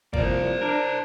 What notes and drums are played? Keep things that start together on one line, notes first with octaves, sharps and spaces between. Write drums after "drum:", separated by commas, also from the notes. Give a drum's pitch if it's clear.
C2 F3 A#3 C5 D5, drum: kick G1
D4 A#4